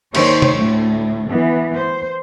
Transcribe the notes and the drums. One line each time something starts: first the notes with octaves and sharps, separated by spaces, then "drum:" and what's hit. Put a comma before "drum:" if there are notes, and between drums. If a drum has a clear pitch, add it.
D#2 D#3 C5 C#5, drum: cymbal
drum: tom
D2 A2
E3 B3
C5